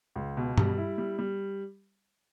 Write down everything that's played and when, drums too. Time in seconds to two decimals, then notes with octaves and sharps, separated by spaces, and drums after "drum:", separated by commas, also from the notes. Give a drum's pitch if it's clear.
0.16 C#2
0.37 B2
0.58 G3, drum: tom G2
0.78 E4
0.98 G3
1.19 G3